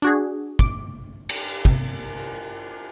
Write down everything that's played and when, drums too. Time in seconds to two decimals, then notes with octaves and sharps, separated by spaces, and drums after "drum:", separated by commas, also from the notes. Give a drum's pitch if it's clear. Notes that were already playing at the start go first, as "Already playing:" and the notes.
0.02 D4 F#4 G#4
0.59 D6, drum: kick
1.29 drum: cymbal
1.65 C3, drum: kick